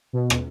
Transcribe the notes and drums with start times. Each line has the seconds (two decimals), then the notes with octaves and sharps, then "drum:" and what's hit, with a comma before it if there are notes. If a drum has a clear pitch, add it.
0.13 B2
0.30 drum: rim click